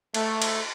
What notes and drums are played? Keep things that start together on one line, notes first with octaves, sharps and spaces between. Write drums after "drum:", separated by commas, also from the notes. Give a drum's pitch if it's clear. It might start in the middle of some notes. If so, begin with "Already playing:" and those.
A3, drum: cymbal
drum: cymbal